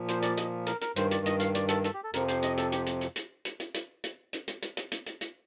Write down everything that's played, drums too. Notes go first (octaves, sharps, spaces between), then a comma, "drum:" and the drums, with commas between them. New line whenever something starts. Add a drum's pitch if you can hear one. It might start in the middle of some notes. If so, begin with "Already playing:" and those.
Already playing: A#2 F3
C5, drum: hi-hat
D5, drum: hi-hat
D#5, drum: hi-hat
A#4, drum: hi-hat
A#4, drum: hi-hat
G2 D#3 C5, drum: hi-hat
D5, drum: hi-hat
D#5, drum: hi-hat
F5, drum: hi-hat
D5, drum: hi-hat
A4, drum: hi-hat
A4, drum: hi-hat
G4
A4
F2 C3 F3 A#4, drum: hi-hat
C5, drum: hi-hat
D#5, drum: hi-hat
A4, drum: hi-hat
G4, drum: hi-hat
drum: hi-hat
drum: hi-hat
drum: hi-hat
drum: hi-hat
drum: hi-hat
drum: hi-hat
drum: hi-hat
drum: hi-hat
drum: hi-hat
drum: hi-hat
drum: hi-hat
drum: hi-hat
drum: hi-hat
drum: hi-hat